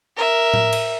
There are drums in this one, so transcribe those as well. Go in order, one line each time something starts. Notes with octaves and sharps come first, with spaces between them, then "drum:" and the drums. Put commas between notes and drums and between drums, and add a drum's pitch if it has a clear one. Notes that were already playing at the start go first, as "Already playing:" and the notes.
A#4 E5
drum: tom A2
drum: cymbal